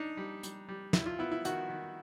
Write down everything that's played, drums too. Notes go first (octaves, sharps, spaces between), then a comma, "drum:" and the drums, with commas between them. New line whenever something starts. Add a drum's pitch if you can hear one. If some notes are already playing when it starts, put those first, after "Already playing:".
Already playing: D4 D#4
G3
G3, drum: hi-hat
G3
G2 E4, drum: snare
F4
B3 E4
E4
D#3 F#4, drum: hi-hat
D#3